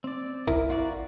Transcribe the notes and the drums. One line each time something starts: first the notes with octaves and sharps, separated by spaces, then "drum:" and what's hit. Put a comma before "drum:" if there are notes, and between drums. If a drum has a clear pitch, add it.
C4 D5
E4 A#4, drum: kick
F4 F#4 D5